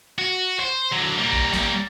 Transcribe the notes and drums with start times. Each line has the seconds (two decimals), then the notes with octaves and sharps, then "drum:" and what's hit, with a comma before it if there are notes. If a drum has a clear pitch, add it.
0.18 F#4
0.60 C5
0.93 D3 F#3
1.18 G3 A#3
1.33 drum: kick
1.53 drum: snare